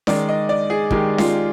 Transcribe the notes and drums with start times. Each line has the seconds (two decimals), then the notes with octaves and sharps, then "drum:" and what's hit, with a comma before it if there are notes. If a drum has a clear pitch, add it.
0.07 D#3 G#3 D5, drum: snare C#4
0.29 D#5
0.49 D5
0.70 G#4
0.91 D#3 G#3 G4, drum: kick
1.18 F4, drum: snare C#4